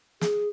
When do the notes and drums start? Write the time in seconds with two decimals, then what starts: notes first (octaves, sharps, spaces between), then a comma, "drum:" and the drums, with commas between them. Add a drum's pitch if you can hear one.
0.21 G#4, drum: snare